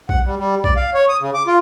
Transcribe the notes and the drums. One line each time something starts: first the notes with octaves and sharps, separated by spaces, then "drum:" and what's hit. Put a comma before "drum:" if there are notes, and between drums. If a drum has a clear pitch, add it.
F#5, drum: kick A#1
G3
G3
D5, drum: kick A#1
F5
C#5
D#6
C#3
D6
F4